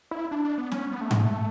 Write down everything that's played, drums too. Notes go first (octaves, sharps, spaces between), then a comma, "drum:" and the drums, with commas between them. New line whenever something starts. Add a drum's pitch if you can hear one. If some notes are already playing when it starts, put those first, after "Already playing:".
E4
D4
D4
B3
C#4, drum: snare
B3
A3
G#3, drum: tom G#2
A3